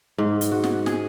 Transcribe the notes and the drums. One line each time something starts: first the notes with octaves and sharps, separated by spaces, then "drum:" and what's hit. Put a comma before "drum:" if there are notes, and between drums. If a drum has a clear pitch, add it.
G#2
drum: hi-hat
F#4
drum: snare
G#4, drum: snare